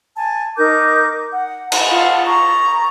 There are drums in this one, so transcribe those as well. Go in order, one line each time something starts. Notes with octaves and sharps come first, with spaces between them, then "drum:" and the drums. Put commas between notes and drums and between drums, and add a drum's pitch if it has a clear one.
G#5 A5
D#4 A#4 D6 G6
F#5
F#5 A5 A#5, drum: cymbal
F4 F5 F#5 A5
A#5 C#6